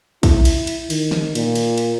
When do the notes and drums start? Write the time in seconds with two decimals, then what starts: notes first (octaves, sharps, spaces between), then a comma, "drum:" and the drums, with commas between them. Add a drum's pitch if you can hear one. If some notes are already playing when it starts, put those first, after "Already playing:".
0.23 E4, drum: kick, cymbal
0.45 drum: cymbal
0.67 drum: cymbal
0.90 D#3, drum: cymbal
1.11 drum: snare
1.35 A#2, drum: cymbal
1.55 drum: cymbal
1.78 drum: cymbal